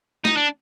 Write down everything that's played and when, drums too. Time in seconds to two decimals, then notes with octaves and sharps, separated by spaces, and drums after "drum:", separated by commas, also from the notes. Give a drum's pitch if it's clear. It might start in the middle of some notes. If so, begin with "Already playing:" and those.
0.25 D#4, drum: snare
0.37 D4